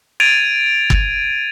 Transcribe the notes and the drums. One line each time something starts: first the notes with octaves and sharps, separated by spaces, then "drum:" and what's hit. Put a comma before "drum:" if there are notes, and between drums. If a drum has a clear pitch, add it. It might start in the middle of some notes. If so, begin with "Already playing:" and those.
G#6 A6 D7 D#7 F7
drum: kick